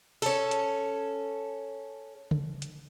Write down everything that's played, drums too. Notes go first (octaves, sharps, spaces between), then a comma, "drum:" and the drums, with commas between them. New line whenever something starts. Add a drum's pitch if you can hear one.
C#4 A4, drum: open hi-hat
drum: hi-hat
drum: tom C#3
drum: hi-hat